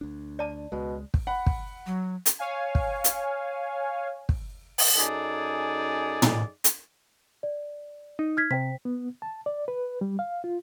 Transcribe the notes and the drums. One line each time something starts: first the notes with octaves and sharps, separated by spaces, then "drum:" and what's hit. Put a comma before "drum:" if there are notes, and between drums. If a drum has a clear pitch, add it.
D2 D4
D5 A5
C#2 B2 G#3
drum: kick
F#5 B5
drum: kick
F#3
drum: hi-hat
C#5 F5 G#5
drum: kick
drum: hi-hat
drum: kick
drum: open hi-hat
F#2 D#4 G#4 A4 D5 G#5
drum: tom
drum: hi-hat
D5
D#4
F6 G#6 B6
C3 C5 G5 B6
B3
A5
D5
B4
G3
F5
F4